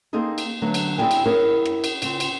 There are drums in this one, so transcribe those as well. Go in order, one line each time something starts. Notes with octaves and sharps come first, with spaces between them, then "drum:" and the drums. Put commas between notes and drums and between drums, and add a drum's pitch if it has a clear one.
A#3 C4 D#4 G#4 A4
drum: cymbal
D3 F#3 A3 B3
drum: cymbal
C4 E4 G#4 D5 G5 G#5
drum: cymbal
E4 G#4 A#4 C#5
drum: rim click
drum: cymbal
C#3 C4 F4, drum: cymbal
drum: cymbal